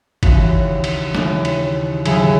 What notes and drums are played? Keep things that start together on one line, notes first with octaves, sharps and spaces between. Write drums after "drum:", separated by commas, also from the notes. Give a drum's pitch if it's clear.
D#2 C#3 E3 F#4, drum: kick G1, cymbal
drum: cymbal
D#2 C#3 E3, drum: snare
drum: cymbal
D#2 C#3 F#3 E4 G#4, drum: cymbal